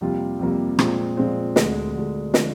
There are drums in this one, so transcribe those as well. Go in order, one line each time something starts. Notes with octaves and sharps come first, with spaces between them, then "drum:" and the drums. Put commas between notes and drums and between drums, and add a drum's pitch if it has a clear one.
F2 C3 G3 A#3 F4
F2 C3 G3 A#3 F4
A#2 F3 G#3 C4, drum: rim click
A#2 F3 G#3 C4
D2 D3 G#3, drum: snare
D2 D3 G#3
D3 F3 G#3 D4, drum: snare